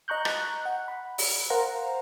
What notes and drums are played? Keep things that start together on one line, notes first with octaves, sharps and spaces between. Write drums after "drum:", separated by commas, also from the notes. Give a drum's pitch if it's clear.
D#5 A#5 C#6 F#6 G6
drum: rim click
F#5
B5
drum: open hi-hat
A#4 C5 F5 F#5 A#5